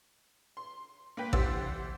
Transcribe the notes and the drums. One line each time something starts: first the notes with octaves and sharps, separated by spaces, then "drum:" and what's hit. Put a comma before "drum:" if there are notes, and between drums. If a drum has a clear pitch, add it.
C6
A#3 B4 G5 B6
E3 G4 C5 F#5 E6 A6, drum: kick A1